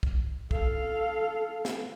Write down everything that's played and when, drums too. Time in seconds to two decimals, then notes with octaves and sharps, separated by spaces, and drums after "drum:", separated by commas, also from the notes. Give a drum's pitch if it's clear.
0.03 drum: kick
0.51 A4 F5, drum: kick
1.65 drum: snare